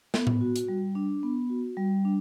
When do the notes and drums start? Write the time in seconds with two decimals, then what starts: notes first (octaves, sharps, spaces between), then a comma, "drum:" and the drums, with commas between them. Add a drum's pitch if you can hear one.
0.14 B3, drum: snare
0.27 drum: tom A2
0.41 F#4
0.56 drum: hi-hat
0.68 G3
0.95 D4
1.23 B3
1.50 F#4
1.77 G3
2.05 D4